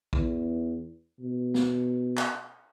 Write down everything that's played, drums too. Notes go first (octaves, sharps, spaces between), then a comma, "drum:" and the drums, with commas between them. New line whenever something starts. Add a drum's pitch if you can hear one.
E2, drum: kick
B2
drum: snare
drum: clap